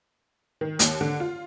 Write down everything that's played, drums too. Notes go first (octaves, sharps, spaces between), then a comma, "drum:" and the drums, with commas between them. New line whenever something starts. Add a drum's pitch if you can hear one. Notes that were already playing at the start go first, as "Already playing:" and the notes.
D#3
D#2, drum: hi-hat
D3
F4